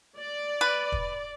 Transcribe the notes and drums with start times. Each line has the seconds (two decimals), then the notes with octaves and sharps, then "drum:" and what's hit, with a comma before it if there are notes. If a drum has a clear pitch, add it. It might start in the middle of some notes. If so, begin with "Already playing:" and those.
0.18 D5
0.61 B4
0.92 drum: kick